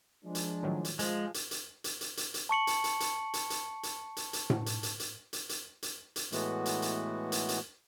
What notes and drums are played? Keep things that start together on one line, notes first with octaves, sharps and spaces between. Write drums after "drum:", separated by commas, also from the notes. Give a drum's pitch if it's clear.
F3 G#3 D4
drum: hi-hat
A2 D#3 F#3
drum: hi-hat
F3 G#3, drum: hi-hat
drum: hi-hat
drum: hi-hat
drum: hi-hat
drum: hi-hat
drum: hi-hat
drum: hi-hat
A5 C#6 C#7 F#7
drum: hi-hat
drum: hi-hat
drum: hi-hat
drum: hi-hat
drum: hi-hat
drum: hi-hat
drum: hi-hat
drum: hi-hat
drum: tom A2
drum: hi-hat
drum: hi-hat
drum: hi-hat
drum: hi-hat
drum: hi-hat
drum: hi-hat
drum: hi-hat
A2 E3 G#3 A3 B3 F#4, drum: hi-hat
drum: hi-hat
drum: hi-hat
drum: hi-hat
drum: hi-hat